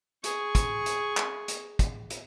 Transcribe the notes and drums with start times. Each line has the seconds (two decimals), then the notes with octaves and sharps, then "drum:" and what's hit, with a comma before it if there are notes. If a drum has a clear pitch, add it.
0.24 G#4 C#6, drum: hi-hat
0.55 drum: kick, hi-hat
0.86 drum: hi-hat
1.17 drum: clap
1.48 drum: hi-hat
1.79 drum: kick, hi-hat
2.10 drum: hi-hat